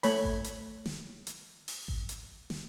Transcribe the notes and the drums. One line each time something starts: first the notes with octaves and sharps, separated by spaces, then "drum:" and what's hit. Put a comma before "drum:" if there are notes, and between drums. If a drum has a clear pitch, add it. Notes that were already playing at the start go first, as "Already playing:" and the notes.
A3 C#5 B5, drum: open hi-hat
drum: kick G#1
drum: hi-hat
drum: snare
drum: hi-hat
drum: open hi-hat
drum: kick G#1
drum: hi-hat
drum: snare